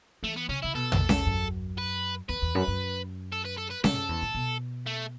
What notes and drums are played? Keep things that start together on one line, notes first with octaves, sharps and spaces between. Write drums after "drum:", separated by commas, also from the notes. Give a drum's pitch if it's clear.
E3 A3
B3
C#3 C#4
C#3 E4
B2 A4
drum: tom
drum: snare C#4
F#2
B4
E2 B4
E2
F#2
F#2
A4
B4
A4
B4
C#3 A4, drum: snare C#4
F#2
E2
A2
B2
A3